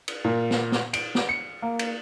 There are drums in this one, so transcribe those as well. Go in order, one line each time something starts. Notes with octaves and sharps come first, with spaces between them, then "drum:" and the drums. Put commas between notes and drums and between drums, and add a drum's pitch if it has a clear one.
drum: cymbal
A#2
drum: snare
drum: snare
D7, drum: cymbal
drum: snare
C#7
A#3
drum: cymbal